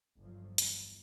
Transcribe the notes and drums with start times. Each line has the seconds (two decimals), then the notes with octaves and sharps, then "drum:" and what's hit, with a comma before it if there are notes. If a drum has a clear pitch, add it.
0.19 G1 F3 F#3
0.58 E2, drum: hi-hat